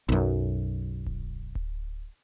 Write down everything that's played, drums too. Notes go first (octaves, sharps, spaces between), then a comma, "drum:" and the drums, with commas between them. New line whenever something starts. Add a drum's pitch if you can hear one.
B1 F#2
drum: kick D1
drum: kick D1